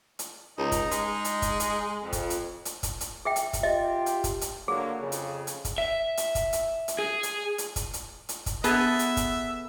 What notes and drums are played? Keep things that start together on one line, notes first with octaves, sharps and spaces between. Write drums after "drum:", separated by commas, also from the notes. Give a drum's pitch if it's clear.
drum: hi-hat
C#2 D#4
drum: kick, hi-hat
G#3, drum: hi-hat
drum: hi-hat
drum: kick, hi-hat
drum: hi-hat
F2
drum: kick, hi-hat
drum: hi-hat
drum: hi-hat
drum: kick, hi-hat
drum: hi-hat
G#4 E5 G5
drum: hi-hat
drum: kick, hi-hat
F4 G4 D#5 E5
drum: hi-hat
drum: kick, hi-hat
drum: hi-hat
D3 F#3 A#3 G#4
F2 C#3
drum: hi-hat
drum: hi-hat
drum: kick, hi-hat
E5
drum: hi-hat
drum: kick, hi-hat
drum: hi-hat
drum: hi-hat
G#4
drum: hi-hat
drum: hi-hat
drum: kick, hi-hat
drum: hi-hat
drum: hi-hat
drum: kick, hi-hat
B3 G#4 A4 E5, drum: hi-hat
drum: hi-hat
drum: kick, hi-hat